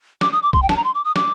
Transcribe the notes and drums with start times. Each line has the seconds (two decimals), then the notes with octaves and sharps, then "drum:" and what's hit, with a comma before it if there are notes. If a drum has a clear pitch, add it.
0.21 D6, drum: snare
0.32 D#6
0.43 D6
0.53 C6, drum: kick
0.62 G5
0.69 A5, drum: snare
0.77 A#5
0.84 C6
0.95 D6
1.05 D#6
1.16 D6, drum: snare